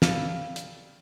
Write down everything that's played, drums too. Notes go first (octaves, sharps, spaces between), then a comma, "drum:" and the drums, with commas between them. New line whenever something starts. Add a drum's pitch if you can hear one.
G3 A4 F5, drum: snare
drum: hi-hat